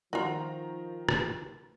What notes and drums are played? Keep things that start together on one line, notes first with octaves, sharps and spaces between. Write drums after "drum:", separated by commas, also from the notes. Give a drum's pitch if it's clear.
D#3 F3 F4 F#4 A#5
drum: rim click